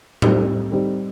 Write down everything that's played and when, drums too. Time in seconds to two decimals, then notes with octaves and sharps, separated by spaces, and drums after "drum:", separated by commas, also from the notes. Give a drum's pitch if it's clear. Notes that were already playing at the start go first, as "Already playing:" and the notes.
0.22 G3 C4 D#4 G4, drum: tom
0.72 G3 C4 D#4 G4